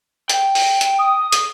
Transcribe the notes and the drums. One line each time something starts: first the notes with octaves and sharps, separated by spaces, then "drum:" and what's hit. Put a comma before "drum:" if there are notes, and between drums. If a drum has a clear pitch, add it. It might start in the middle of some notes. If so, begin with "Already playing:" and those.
G5, drum: hi-hat
drum: open hi-hat
drum: hi-hat
D#6
drum: hi-hat